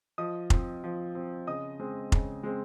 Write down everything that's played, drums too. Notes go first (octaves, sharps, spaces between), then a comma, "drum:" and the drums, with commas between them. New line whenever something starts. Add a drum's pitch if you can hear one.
F3 D#5 D#6
C4, drum: kick F1
F3
C4
C#3 D#5 D#6
G#3 C4
C#3, drum: kick F1
G#3 C4